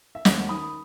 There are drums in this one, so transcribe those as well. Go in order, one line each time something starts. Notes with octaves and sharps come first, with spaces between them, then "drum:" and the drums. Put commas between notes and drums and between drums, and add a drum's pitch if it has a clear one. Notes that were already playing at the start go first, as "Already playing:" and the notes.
E5
D#2 D#5 F#5, drum: snare
D#3 B5 D#6